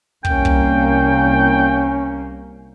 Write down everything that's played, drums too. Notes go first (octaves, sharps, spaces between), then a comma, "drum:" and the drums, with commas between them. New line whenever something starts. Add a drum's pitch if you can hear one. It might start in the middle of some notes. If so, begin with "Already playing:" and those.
C2 A#3 C#4 G5, drum: kick
drum: kick